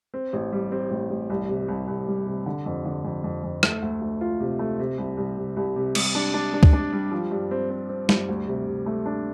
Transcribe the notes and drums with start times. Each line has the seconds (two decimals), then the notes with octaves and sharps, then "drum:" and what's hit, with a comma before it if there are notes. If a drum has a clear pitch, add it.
0.14 C4
0.33 A1
0.53 G3
0.72 C4
0.91 A1
1.10 A1
1.30 C2
1.49 C3
1.68 C2
1.88 C2
2.07 G3
2.27 C3
2.46 D3
2.66 F2
2.85 D3
3.04 F2
3.24 F2
3.43 F2
3.63 A3, drum: rim click
3.82 D2
4.01 D2
4.21 F4
4.40 C3
4.59 A3
4.79 C3
4.98 C2
5.17 C2
5.37 C3
5.57 C2
5.76 C3
5.95 G3, drum: cymbal
6.15 D4
6.34 D4
6.54 D4
6.63 drum: kick C#2
6.73 D4
6.92 G3
7.12 F3
7.31 G2
7.51 C4
7.70 C4
7.89 C4
8.09 G2, drum: snare
8.28 D2
8.48 C3
8.67 C3
8.86 A3
9.06 D4